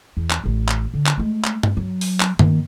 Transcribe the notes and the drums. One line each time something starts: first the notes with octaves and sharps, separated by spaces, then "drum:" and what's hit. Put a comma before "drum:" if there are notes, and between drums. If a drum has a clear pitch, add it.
E2
drum: clap
A1 A2
drum: clap
D3
drum: clap
G#3 A3
drum: clap
drum: tom G2
F#3
drum: open hi-hat
drum: clap
D#3 A#3, drum: tom G2